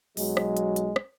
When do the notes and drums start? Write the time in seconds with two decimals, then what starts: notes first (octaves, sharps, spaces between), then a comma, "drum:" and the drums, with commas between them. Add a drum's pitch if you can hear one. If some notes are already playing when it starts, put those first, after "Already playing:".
0.17 B1 F#3 G#3, drum: open hi-hat
0.37 drum: rim click
0.57 drum: hi-hat
0.76 drum: hi-hat
0.96 drum: rim click